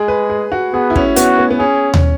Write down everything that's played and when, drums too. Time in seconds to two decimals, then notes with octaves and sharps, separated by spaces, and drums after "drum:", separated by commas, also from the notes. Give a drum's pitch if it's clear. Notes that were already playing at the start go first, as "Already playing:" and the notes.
Already playing: G#3 G#4
0.08 B4
0.30 G#4
0.52 F#4
0.74 B3 G#4
0.90 E4
0.96 C#4, drum: kick
1.16 B3 F#4, drum: hi-hat
1.38 B3
1.51 B3
1.60 C#4 G#4
1.94 drum: tom D#2